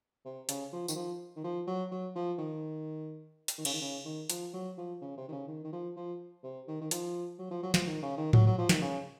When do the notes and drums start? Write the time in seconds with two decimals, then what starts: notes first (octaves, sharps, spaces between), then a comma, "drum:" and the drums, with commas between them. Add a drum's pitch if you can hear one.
0.25 C3
0.49 C#3, drum: hi-hat
0.73 F3
0.88 D#3, drum: tambourine
0.96 F3
1.36 D#3
1.44 F3
1.67 F#3
1.91 F#3
2.16 F3
2.38 D#3
3.48 drum: hi-hat
3.58 D#3
3.65 C#3, drum: cymbal
3.73 D#3
3.81 C#3
4.05 D#3
4.30 F3, drum: hi-hat
4.53 F#3
4.77 F3
5.01 C#3
5.17 C3
5.28 D#3
5.32 C#3
5.48 D#3
5.64 D#3
5.72 F3
5.96 F3
6.43 C3
6.68 D#3
6.81 D#3
6.91 F3, drum: hi-hat
7.39 F#3
7.51 F3
7.63 F#3
7.74 F3, drum: snare
7.87 D#3
8.02 C#3
8.17 D#3
8.33 F#3, drum: tom G#2
8.46 F#3
8.58 F3
8.69 D#3, drum: snare
8.82 C#3